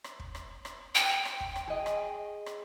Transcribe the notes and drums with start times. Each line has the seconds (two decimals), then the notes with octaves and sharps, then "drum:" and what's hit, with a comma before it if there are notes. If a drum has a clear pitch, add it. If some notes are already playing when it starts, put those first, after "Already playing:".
0.04 drum: rim click
0.19 drum: kick
0.35 drum: rim click
0.65 drum: rim click
0.95 G5
1.25 drum: rim click
1.40 drum: kick
1.56 drum: rim click
1.68 G#4 D#5
1.86 drum: rim click
2.46 drum: rim click